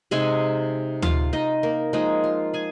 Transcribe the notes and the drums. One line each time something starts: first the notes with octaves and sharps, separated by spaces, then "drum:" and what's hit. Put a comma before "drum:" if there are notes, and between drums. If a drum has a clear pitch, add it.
C3 G#3 C4 D#4 G#4 G#5
F4 F5, drum: tom
D#4 D#5
A#3 A#4
F3 G#3 A#3 D#4 G#4
F4
G#4 G#5